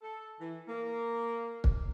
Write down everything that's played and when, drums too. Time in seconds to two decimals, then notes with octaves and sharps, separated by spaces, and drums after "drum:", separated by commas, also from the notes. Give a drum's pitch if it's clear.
0.02 A4
0.40 E3
0.68 A#3
1.64 drum: kick